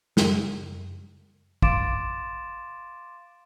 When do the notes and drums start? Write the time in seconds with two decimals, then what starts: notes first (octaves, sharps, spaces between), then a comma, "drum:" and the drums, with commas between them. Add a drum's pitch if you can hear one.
0.17 F#2 C#3 F3 G3, drum: snare
1.62 F5 C6 D6 A6 D7 E7, drum: kick